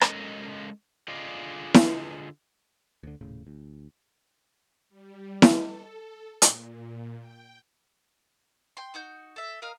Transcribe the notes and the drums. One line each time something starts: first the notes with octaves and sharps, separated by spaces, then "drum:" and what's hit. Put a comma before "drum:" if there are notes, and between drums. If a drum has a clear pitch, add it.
G#3 C#4 A4 A#4 D#5, drum: rim click
D3 F4 G#4 D5 D#5 F5
drum: snare E4
D2 D3
D#1 A2 C#3
D2
G3
drum: snare E4
A4
A#2, drum: hi-hat
G5
G5 C6
D#4 F#4 G6
A4 E5
A#4 D#5 F5 A#5